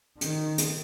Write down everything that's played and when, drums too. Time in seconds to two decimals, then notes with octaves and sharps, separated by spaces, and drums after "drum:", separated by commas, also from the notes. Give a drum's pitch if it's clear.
0.21 D#3, drum: hi-hat
0.58 drum: hi-hat